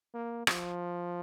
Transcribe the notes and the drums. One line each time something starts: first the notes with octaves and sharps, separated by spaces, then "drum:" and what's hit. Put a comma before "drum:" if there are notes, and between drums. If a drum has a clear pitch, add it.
A#3
F3, drum: rim click